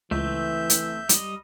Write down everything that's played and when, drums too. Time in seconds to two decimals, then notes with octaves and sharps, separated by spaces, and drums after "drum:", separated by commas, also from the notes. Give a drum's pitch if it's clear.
0.11 C#2 E3 A3 C4 E5 G6
0.70 drum: hi-hat
1.09 G3 D#5, drum: hi-hat